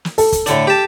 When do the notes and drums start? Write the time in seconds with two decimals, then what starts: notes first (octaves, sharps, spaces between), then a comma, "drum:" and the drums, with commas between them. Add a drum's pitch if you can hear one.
0.05 drum: snare
0.18 A4, drum: open hi-hat
0.32 drum: kick, hi-hat
0.46 A2 D3 D4, drum: hi-hat
0.67 G4 A5